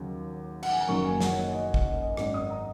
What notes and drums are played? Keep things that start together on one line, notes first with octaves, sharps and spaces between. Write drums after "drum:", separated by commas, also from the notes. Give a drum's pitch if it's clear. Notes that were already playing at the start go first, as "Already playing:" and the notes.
Already playing: D#2 C#3 F#3
F#5, drum: cymbal
G#5
A#5
F#1 F#2 D#3 F#3 A#3 C#6
G#5
F#5, drum: snare
C#5
D#5
D#5
drum: kick
D#5
D#5
G#1 F#2 D#3 D#5, drum: rim click
D#6
A#5